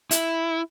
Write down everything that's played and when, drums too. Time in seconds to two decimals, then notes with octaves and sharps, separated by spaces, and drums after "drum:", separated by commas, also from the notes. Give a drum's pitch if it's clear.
0.11 E4, drum: hi-hat